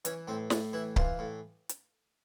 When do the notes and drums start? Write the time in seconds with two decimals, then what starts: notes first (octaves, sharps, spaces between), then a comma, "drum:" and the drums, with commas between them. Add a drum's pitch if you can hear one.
0.05 E3 C#4, drum: hi-hat
0.28 A2 C4
0.50 A2 D4, drum: snare
0.73 E3 E4
0.96 E3 F4, drum: kick C#1
1.19 A2
1.69 drum: hi-hat